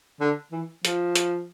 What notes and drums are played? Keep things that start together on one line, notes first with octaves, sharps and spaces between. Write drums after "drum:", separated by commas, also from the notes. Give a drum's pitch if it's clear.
D3
E3
F3, drum: hi-hat
drum: hi-hat